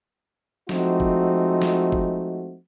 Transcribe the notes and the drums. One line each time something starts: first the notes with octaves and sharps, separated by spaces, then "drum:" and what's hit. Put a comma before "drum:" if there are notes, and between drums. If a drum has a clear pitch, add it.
F3 G#3 A3 C4 D#4 F#4, drum: snare
drum: kick
drum: snare
drum: kick